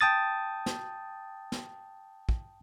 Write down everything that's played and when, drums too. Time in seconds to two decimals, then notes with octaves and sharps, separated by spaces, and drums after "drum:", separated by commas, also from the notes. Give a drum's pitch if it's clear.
0.01 G5 A5 D#6 A6
0.66 drum: snare
1.52 drum: snare
2.29 drum: kick